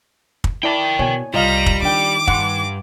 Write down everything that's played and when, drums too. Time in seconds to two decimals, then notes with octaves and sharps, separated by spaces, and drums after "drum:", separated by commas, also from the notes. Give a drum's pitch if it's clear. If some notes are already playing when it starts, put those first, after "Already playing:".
0.44 drum: kick
0.63 E4 A#4 D5 G5 A5
0.99 B2 C#5 G#5
1.34 C2 G3 F4 D#5 F5 A#5
1.66 drum: kick
1.82 D#3 D4 G5 D6
2.28 G2 F#5 C6, drum: kick